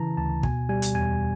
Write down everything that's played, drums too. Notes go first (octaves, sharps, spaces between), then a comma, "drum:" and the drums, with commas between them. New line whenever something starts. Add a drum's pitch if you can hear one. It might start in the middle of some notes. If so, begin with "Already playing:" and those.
Already playing: C#3 E3 A5 A#5
D2 A5
B2 G#5, drum: kick
G3 G#5
drum: hi-hat
E2 G#5